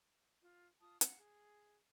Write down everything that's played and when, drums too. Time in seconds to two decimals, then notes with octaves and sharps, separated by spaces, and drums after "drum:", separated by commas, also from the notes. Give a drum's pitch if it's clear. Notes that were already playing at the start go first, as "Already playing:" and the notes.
0.42 F4
0.80 F4 A5 D#6
1.01 F4 F5 F#5, drum: hi-hat
1.18 G#4